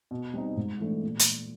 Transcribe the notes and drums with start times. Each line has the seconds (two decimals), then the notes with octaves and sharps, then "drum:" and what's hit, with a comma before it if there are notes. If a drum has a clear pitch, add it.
0.11 B2
0.34 G3 C4 D#4
0.56 G#2
0.79 E3 A3 D4
1.03 A#2
1.20 drum: hi-hat